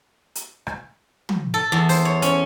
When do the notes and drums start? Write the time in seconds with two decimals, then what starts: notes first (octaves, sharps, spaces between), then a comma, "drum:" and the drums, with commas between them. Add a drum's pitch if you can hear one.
0.35 drum: hi-hat
0.67 drum: rim click
1.29 drum: tom
1.54 A4
1.72 E2
1.89 C5, drum: open hi-hat
2.05 C#5
2.22 C#4, drum: hi-hat